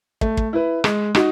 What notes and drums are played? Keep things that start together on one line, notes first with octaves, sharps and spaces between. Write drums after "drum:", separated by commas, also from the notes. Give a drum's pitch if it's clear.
A3, drum: kick
drum: kick
E4 B4
G#3, drum: rim click
D#4 F#4, drum: rim click